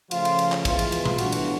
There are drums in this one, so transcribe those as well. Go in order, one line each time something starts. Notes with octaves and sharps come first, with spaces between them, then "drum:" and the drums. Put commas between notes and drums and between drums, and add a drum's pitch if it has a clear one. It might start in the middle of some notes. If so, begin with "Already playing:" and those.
C#3 F3 A3 F4, drum: cymbal
drum: cymbal
drum: cymbal
drum: clap
E3 G#3 B3 F4, drum: kick, cymbal
drum: cymbal
drum: cymbal
drum: tom A#2
A2 E3 G3 B3 D4 F#4, drum: cymbal
drum: cymbal